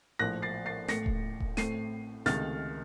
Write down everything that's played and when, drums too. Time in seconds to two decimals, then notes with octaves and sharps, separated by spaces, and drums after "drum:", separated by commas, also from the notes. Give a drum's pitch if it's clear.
0.19 A#1 A2 F3 F#6 A#6
0.42 A6 C7
0.66 A6 C7
0.88 A1 A2 A3 A#6 C#7, drum: snare
1.06 drum: kick D#1
1.40 drum: kick D#1
1.57 A1 A2 A3 C4 C7 D#7, drum: snare
2.26 C#2 C3 D#3 A3 F6 A6, drum: snare